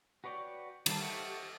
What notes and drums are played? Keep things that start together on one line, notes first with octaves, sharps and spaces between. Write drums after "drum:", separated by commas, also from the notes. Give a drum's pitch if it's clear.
F#4 B4 C#5 D5 G5
D#3 G3 G4 F5 A5, drum: cymbal
G4 A4 C#5 E5 F#5